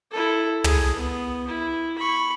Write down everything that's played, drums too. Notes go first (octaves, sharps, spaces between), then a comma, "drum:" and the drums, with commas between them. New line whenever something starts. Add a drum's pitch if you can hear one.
E4 A4
G#4, drum: tom
B3
E4
B5 C#6